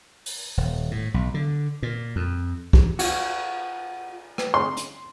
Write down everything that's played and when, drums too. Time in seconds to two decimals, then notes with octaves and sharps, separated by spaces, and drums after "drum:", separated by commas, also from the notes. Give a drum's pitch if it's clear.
0.26 drum: open hi-hat
0.57 D#1
0.91 A2
1.14 B1
1.34 D3
1.83 A#2
2.16 F2
2.73 drum: kick
2.99 F4 F#4, drum: cymbal
4.38 drum: rim click
4.54 C6
4.77 drum: hi-hat